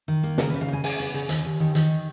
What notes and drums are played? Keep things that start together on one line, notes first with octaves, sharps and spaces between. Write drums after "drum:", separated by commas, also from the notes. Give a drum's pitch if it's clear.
D#3
A#3
C#3 A#4, drum: snare
C#3 B4
F5
C#3 G#5
C#3 G#5, drum: open hi-hat
B3
C#3
D#2, drum: hi-hat
D#2
D#3
D#3, drum: hi-hat